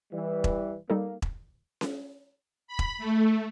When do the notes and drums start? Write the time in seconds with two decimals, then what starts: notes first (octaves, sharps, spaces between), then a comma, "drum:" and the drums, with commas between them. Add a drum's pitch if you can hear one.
0.12 E3 G3
0.44 drum: kick E1
0.90 G3 A#3 D#4 A4
1.22 drum: kick E1
1.81 drum: snare C#4
2.68 B5
2.79 drum: kick E1
2.98 A3